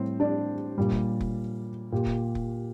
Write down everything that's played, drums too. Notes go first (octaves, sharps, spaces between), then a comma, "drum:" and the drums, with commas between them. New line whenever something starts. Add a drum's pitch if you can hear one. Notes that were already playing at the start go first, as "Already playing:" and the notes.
Already playing: A2 G3 C4 C5
D4 D5
A#2 G3
drum: kick F1
drum: kick F1
A#2 G4
drum: kick F1
drum: kick F1